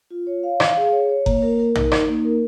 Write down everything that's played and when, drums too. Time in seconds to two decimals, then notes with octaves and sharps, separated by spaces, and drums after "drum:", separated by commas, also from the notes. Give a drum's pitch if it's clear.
0.11 F4
0.27 C#5
0.43 F5
0.60 F5, drum: rim click
0.77 G#4
0.92 C#5
1.09 C#5
1.26 A#3, drum: kick F#1
1.42 A#4
1.59 A#4
1.75 D#4, drum: tom A#1
1.92 D#4, drum: rim click
2.08 A#3
2.25 A#4